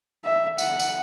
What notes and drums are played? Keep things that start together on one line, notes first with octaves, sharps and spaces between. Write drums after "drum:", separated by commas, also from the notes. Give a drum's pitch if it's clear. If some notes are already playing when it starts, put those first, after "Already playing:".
E5
F#5, drum: tambourine
drum: tambourine